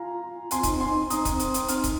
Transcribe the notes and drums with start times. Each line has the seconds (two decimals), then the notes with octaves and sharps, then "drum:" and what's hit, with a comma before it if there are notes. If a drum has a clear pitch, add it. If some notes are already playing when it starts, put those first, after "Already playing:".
Already playing: F4 F5 G#5 A#5
0.51 C4 G#5 C6, drum: hi-hat
0.63 D#4, drum: kick, hi-hat
0.76 C4 G#5 C6
0.88 D#4
1.01 C4
1.10 D#4 A#5 D#6, drum: hi-hat
1.25 C4, drum: kick, hi-hat
1.40 drum: hi-hat
1.54 drum: hi-hat
1.68 D#4 C6 F6, drum: hi-hat
1.84 drum: kick, hi-hat